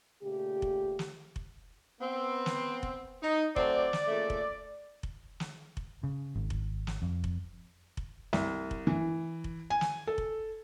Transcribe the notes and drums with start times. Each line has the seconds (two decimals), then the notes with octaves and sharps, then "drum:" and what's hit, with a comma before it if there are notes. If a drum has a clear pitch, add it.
0.23 A#2 C#3 A3 G4
0.62 drum: kick F1
0.99 drum: snare
1.36 drum: kick F1
2.01 B3 C4
2.46 drum: snare
2.83 drum: kick F1
3.23 D#4
3.56 F#3 A3 C4 D5, drum: kick F1
3.93 drum: snare
4.08 A#2 C#3 A3
4.30 drum: kick F1
5.03 drum: kick F1
5.40 drum: snare
5.77 drum: kick F1
6.03 C#3
6.35 G#1
6.50 drum: kick F1
6.87 drum: snare
7.02 F2
7.24 drum: kick F1
7.97 drum: kick F1
8.33 C2, drum: snare
8.71 drum: kick F1
8.87 E3
9.44 drum: kick F1
9.70 G#5
9.81 drum: snare
10.07 A4
10.18 drum: kick F1